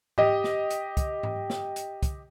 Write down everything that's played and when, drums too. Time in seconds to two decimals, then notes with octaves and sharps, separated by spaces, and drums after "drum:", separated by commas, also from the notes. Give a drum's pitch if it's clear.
0.18 G4 D#5, drum: tom G#2
0.44 drum: snare
0.71 drum: hi-hat
0.97 drum: kick, hi-hat
1.23 drum: tom G#2
1.50 drum: snare
1.76 drum: hi-hat
2.03 drum: kick, hi-hat